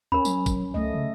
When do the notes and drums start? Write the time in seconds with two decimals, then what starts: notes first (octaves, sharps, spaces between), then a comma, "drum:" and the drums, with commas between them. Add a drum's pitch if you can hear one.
0.12 D2 C#4 A#4 B5
0.25 F#3, drum: tambourine
0.46 drum: kick, tambourine
0.74 C#2 A3 D#5
0.94 C#3